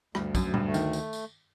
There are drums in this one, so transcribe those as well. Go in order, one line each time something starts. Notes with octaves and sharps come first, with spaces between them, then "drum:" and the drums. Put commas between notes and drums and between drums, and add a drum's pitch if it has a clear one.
D2 G2, drum: rim click
F#2, drum: kick, tambourine
D2
G2, drum: tom A#2
A3
D#3, drum: tambourine
drum: tambourine
drum: tambourine